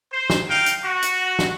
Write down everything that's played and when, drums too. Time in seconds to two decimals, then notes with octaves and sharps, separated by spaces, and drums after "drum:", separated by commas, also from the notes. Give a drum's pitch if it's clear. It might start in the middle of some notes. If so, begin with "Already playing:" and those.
0.12 C5
0.30 drum: snare
0.49 D#4 F5 G5
0.66 drum: hi-hat
0.84 F#4
1.02 drum: hi-hat
1.39 drum: snare